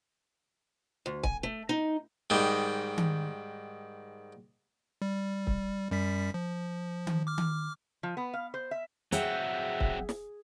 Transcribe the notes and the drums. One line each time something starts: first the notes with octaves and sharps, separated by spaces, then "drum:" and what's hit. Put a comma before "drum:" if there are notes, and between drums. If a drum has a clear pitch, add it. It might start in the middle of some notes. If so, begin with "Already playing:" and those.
D2
G#5, drum: kick
A3
D#4
G#2 D#3 G3
drum: tom D#3
G3
drum: kick
F#2 G3 B6
F3
drum: tom D#3
D6 F6
drum: tom D#3
F3
B3
F5
C5
E5
F#3 C4 G#4 E5 F#5 G5, drum: hi-hat
drum: kick
drum: snare